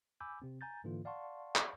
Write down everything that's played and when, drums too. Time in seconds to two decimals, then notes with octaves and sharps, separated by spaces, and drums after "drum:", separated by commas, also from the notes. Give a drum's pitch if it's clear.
0.20 G#5 B5 D6 E6 G6
0.42 C3 C4
0.61 G#5 A#5 G6 A6
0.84 G#2 D3 E3 A#3 F4
1.05 D5 F5 F#5 A5 C6 C#6
1.55 drum: clap